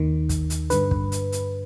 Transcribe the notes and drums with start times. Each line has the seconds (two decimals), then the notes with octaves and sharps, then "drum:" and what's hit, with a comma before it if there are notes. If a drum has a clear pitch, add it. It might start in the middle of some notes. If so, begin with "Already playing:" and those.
Already playing: D#2 D#3
0.29 drum: kick, hi-hat
0.50 drum: hi-hat
0.70 G2 D3 B4, drum: hi-hat
0.91 drum: kick
1.12 drum: hi-hat
1.32 drum: hi-hat